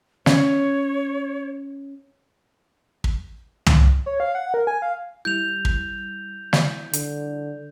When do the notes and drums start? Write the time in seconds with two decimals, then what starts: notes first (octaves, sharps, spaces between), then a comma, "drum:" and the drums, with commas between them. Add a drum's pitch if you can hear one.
0.26 C#4 C#5, drum: snare
3.04 drum: kick
3.66 drum: tom
4.06 C#5
4.20 F5
4.35 F#5
4.54 A#4
4.67 G#5
4.82 F5
5.25 G3 E4 G6 F7
5.65 drum: kick
6.53 drum: snare
6.93 D3, drum: hi-hat